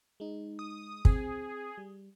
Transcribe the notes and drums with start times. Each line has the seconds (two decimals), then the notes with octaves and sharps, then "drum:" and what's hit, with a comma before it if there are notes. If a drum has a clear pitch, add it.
0.20 G#3 D#4
0.59 D#6
1.05 C4 G#4, drum: kick
1.78 G3